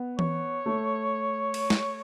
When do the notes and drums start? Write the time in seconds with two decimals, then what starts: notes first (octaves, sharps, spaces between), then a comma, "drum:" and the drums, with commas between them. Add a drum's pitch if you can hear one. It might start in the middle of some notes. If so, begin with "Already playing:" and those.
Already playing: B3
0.19 C#5, drum: tom E3
0.66 A3
1.54 drum: cymbal
1.70 drum: snare